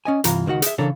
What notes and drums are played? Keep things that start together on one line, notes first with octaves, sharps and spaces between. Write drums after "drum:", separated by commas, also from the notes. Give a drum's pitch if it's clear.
C#4 D#5 G#5
C2 G2 E3 F4 A#5, drum: hi-hat
C#2 D#3 A3 F#4 F#5
G#4 E5, drum: hi-hat
C#3 E3 D4 A4 A#4 C#5